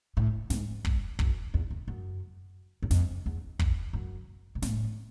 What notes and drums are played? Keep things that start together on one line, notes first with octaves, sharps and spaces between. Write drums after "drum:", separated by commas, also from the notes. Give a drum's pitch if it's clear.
A2
G#2, drum: snare
G2, drum: kick
F#2, drum: kick
E2
F2
F#2
F#2
F2, drum: snare
E2
F2, drum: kick
F#2
A#2
A2, drum: snare